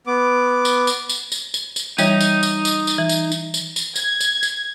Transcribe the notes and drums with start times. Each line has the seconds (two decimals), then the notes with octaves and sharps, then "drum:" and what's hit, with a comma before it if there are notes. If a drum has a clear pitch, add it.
0.07 B3 D6
0.65 drum: tambourine
0.87 drum: tambourine
1.09 drum: tambourine
1.32 drum: tambourine
1.54 drum: tambourine
1.76 drum: tambourine
1.98 E3 G3 D#4 C#5, drum: tambourine
2.21 drum: tambourine
2.43 drum: tambourine
2.65 drum: tambourine
2.87 drum: tambourine
2.98 E3
3.09 drum: tambourine
3.32 drum: tambourine
3.54 drum: tambourine
3.76 drum: tambourine
3.96 G#6, drum: tambourine
4.21 drum: tambourine
4.43 drum: tambourine